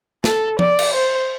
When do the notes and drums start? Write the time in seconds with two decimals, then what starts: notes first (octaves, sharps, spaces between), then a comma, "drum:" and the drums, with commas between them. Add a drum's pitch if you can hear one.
0.24 A4, drum: snare
0.59 D5, drum: tom
0.79 drum: cymbal
0.94 C5